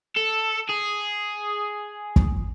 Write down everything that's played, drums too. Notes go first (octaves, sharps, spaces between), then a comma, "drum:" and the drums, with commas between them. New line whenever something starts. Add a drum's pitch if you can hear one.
A4
G#4
drum: kick